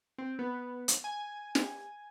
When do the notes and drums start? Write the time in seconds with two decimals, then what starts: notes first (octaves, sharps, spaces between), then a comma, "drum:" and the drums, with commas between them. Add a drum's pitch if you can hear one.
0.18 C4
0.39 B3
0.88 drum: hi-hat
1.04 G#5
1.55 drum: snare